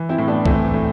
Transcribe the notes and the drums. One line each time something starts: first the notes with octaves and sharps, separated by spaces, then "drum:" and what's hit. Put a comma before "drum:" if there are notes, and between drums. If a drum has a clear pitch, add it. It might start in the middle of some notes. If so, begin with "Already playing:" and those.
Already playing: E3
C4 E4
A2
B3 D4
E3 A3 C4, drum: kick C2
A2